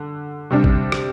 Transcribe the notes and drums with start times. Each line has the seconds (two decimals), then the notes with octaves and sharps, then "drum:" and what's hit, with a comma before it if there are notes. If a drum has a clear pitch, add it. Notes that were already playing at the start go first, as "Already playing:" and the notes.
Already playing: D3
0.50 C3 G3 D4
0.64 drum: kick
0.92 drum: rim click